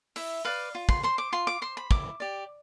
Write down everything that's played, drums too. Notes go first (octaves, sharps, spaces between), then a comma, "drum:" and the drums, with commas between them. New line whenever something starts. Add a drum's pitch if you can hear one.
E4 E5, drum: open hi-hat
B4 D5 F5
F4
C6, drum: kick
C5 C6
D6
F4 C6
D6
C5 C6
B5
E4 D6, drum: kick
G4 D5